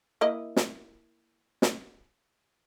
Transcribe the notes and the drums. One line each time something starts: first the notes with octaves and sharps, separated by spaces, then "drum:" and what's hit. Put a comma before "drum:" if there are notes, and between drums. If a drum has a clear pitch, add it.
A#3 E4 D#5
drum: snare
drum: snare